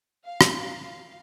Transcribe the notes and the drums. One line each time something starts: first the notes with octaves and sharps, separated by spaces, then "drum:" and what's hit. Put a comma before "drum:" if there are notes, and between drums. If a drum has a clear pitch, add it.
F5
drum: rim click
F5